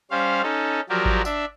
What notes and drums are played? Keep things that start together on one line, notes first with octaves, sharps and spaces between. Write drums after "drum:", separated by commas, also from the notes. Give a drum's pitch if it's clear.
G3 C#4 C5 F5
C#4 D#4 A4
F3 F#3 F#4 G4 A#4 D5
drum: kick G#1
D4 E5, drum: tambourine